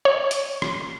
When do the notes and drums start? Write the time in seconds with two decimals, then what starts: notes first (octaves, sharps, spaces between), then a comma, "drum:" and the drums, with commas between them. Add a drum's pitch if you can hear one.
0.05 C#5
0.31 drum: hi-hat
0.62 drum: rim click